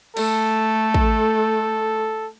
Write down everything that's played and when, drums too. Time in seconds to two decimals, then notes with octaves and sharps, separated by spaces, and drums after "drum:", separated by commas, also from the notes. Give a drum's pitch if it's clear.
0.17 A3 A4, drum: cymbal
0.94 drum: kick